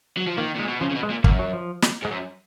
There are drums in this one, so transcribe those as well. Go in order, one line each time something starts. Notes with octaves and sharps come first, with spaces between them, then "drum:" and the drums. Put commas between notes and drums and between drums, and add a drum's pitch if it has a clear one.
F#3
F3
D#3 A#3
A#2 G#3
B2
C#3 F3
C#3
B2
G#3
A#2
F#2 A#3, drum: kick
F#3
F3
drum: snare
G#2 G#3
F#2 F#3